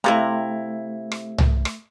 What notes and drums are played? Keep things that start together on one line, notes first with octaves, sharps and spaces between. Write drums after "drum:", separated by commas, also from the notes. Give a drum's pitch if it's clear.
C3 A3 E4 A4 F5 A#5
drum: rim click
drum: tom C2
drum: rim click